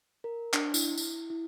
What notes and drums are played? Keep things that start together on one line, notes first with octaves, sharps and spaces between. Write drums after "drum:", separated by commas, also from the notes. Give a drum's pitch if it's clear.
A#4
D4, drum: clap
E4, drum: tambourine
drum: tambourine
E4